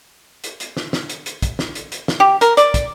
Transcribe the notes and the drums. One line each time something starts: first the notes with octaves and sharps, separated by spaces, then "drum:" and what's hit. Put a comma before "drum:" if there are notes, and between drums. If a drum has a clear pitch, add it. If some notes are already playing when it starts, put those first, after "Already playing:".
drum: hi-hat
drum: hi-hat
drum: snare
drum: snare
drum: hi-hat
drum: hi-hat
drum: kick, hi-hat
drum: snare
drum: hi-hat
drum: hi-hat
drum: snare
G4
A#4, drum: hi-hat
D5, drum: hi-hat
drum: kick, hi-hat